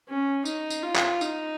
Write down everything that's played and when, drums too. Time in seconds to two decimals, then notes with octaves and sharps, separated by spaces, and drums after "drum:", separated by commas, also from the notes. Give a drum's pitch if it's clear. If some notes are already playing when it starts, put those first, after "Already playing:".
0.08 C#4
0.45 D#4, drum: tambourine
0.70 drum: tambourine
0.83 F4
0.96 drum: clap
1.21 D#4, drum: tambourine